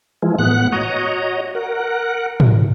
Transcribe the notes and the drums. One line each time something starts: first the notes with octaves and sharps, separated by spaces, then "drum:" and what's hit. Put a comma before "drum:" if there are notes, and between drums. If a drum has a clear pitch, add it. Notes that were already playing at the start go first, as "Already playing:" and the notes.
E3 F3 G#3
A2 B3 F#5 F#6
F#4 C#5 D#5 A#5
A#4 F#5
drum: tom